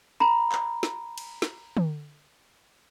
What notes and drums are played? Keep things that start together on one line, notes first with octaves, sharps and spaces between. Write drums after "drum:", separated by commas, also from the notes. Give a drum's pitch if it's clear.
A#5 B5
drum: clap
drum: snare
drum: cymbal
drum: snare
drum: tom